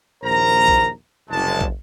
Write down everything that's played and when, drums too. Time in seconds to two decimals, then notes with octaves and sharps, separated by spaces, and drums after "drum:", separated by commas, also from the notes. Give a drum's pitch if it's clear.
0.24 A#1 D#2 A#4 C5 A#5
0.68 drum: kick
1.30 F#1 C2 G#3 A5
1.61 drum: kick